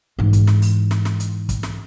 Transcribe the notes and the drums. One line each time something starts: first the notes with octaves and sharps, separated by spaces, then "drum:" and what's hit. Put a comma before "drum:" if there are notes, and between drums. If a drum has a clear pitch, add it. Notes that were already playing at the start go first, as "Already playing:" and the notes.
G#2 E3
drum: kick, hi-hat
drum: snare
drum: open hi-hat
drum: snare
drum: snare
drum: hi-hat
drum: kick, hi-hat
drum: snare